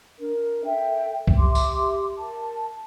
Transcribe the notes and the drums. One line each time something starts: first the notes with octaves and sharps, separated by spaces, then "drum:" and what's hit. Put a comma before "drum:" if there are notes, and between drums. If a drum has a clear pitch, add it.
D4 A#4
A4 E5 G5
drum: kick C2
G4 E5 C6 D6
drum: tambourine
A#4 A5